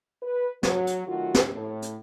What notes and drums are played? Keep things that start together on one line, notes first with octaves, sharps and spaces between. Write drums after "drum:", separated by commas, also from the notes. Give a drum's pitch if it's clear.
B4
F#3, drum: snare
drum: hi-hat
D#3 F#3 A3 F4 F#4
drum: snare
A2
drum: hi-hat